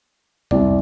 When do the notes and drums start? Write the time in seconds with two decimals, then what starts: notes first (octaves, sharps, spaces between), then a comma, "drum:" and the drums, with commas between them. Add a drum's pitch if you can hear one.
0.51 C2 C3 G3 D5, drum: tom F2